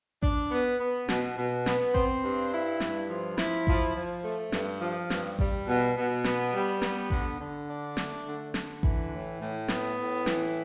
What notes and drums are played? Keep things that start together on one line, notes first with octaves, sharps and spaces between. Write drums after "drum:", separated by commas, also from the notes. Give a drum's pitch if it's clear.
D4, drum: kick A1
B3
B3
B2, drum: snare
B2
B3, drum: snare
C4, drum: kick A1
G2
E4
G2, drum: snare
F3
E4, drum: snare
F3, drum: kick A1
F3
A3
G2, drum: snare
F3
G2, drum: snare
G3, drum: kick A1
B2
B2
B3, drum: snare
G3
B3, drum: snare
D3, drum: kick A1
D3
D4
A3, drum: snare
D3
D3, drum: snare
E3, drum: kick A1
A2
A2
B3, drum: snare
A2
E3, drum: snare